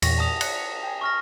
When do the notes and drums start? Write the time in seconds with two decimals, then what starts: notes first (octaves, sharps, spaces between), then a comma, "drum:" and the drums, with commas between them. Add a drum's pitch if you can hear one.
0.02 E2 A#2 C#6 A#6, drum: cymbal
0.18 A5 D#6 F7
0.41 F#6 C#7, drum: cymbal
0.83 G5 G#5
1.01 C#6 F6 A#6